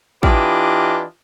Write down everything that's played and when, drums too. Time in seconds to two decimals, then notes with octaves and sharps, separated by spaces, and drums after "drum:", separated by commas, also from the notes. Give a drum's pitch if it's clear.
0.23 E3 D4 F4 G4 B4 D#5, drum: kick